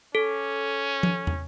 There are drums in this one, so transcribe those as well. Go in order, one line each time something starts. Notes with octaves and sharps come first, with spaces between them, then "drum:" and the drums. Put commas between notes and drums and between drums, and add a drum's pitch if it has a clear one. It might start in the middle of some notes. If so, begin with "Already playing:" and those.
C#4 A4
drum: tom F3
drum: tom